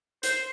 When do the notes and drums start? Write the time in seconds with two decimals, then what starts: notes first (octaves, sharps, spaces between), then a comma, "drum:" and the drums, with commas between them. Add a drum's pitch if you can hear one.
0.23 C5, drum: hi-hat